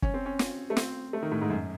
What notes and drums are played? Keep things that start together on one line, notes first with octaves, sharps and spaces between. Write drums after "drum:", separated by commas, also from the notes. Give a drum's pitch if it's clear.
C#4, drum: kick
C4
C#4
drum: snare
A3
C4, drum: snare
A3
D#3
A2
G#2
F#2